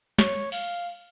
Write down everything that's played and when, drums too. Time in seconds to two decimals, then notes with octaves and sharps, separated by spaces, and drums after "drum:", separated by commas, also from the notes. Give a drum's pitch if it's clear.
0.19 C#5, drum: snare
0.52 F5, drum: cymbal